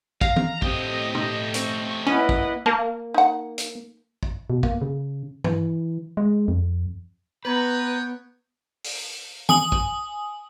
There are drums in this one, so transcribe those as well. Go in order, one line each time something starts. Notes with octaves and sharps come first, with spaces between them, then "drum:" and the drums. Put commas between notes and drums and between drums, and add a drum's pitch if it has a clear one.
F5 A#5, drum: kick
drum: tom
A2 A3 C4 G4 D#5 D#6, drum: kick
drum: tom
C4 C#6, drum: hi-hat
A#3 C#4 E4 B4 D#5 F#5
drum: kick
A#3 A#4 A5
D#4 F#5
drum: hi-hat
drum: kick
B2
A#3, drum: kick
C#3
E3, drum: tom
G#3
F2
B3 B4 C#5 G5 A#5
drum: open hi-hat
G#5 D#6 F#7, drum: tom
drum: kick